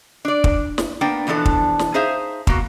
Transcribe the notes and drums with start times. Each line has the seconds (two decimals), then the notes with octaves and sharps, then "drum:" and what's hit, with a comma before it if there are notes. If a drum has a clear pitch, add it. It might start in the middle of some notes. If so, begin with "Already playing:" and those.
0.25 D4 D5
0.44 drum: kick
0.78 drum: snare
1.01 A#3 B3 D4 G5
1.27 B2 E3 F3 D4 A4
1.46 drum: kick
1.79 drum: snare
1.94 D#4 G#4 C5 E5 F5
2.47 B2 A#3 F#4, drum: kick